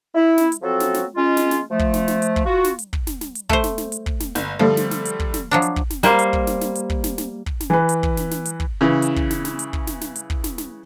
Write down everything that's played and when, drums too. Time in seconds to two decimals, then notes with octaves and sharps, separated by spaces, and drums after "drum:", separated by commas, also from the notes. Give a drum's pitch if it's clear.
0.15 E4
0.38 drum: snare
0.52 drum: hi-hat
0.62 F3 F#3 C4 F#4 A4
0.80 drum: snare
0.94 drum: snare
1.16 G#3 C#4 F4
1.37 drum: snare
1.51 drum: snare
1.70 F3 A3
1.79 drum: kick
1.94 drum: snare
2.08 drum: snare
2.22 drum: hi-hat
2.36 drum: kick
2.45 F4 F#4
2.64 drum: snare
2.79 drum: hi-hat
2.93 drum: kick
3.07 drum: snare
3.21 drum: snare
3.35 drum: hi-hat
3.49 A3 C5, drum: kick
3.64 drum: snare
3.78 drum: snare
3.92 drum: hi-hat
4.06 drum: kick
4.20 drum: snare
4.35 G1, drum: snare
4.59 D3 F3 G3 A3
4.77 drum: snare
4.91 drum: snare
5.05 drum: hi-hat
5.20 drum: kick
5.34 drum: snare
5.51 F3 F#3 D4
5.62 drum: hi-hat
5.76 drum: kick
5.90 drum: snare
6.03 G3 A#3 C5, drum: snare
6.19 drum: hi-hat
6.33 drum: kick
6.47 drum: snare
6.61 drum: snare
6.75 drum: hi-hat
6.90 drum: kick
7.04 drum: snare
7.18 drum: snare
7.46 drum: kick
7.60 drum: snare
7.70 E3 B4
7.89 drum: hi-hat
8.03 drum: kick
8.17 drum: snare
8.31 drum: snare
8.45 drum: hi-hat
8.60 drum: kick
8.81 C#3 E3
9.02 drum: hi-hat
9.16 drum: kick
9.31 drum: snare
9.45 drum: snare
9.59 drum: hi-hat
9.73 drum: kick
9.87 drum: snare
10.01 drum: snare
10.16 drum: hi-hat
10.30 drum: kick
10.44 drum: snare
10.58 drum: snare